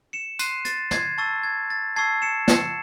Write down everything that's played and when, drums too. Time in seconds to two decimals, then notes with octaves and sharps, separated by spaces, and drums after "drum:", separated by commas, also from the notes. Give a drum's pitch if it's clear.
0.13 C#7 E7
0.39 C6 F#6 C7 D#7, drum: tambourine
0.65 A6, drum: hi-hat
0.91 G#6 C7, drum: snare
1.18 A5 C#6 E6 A6
1.43 G#6
1.70 A6
1.96 A5 C#6 E6 G#6 C7
2.22 C#7 E7
2.48 C#7 E7, drum: snare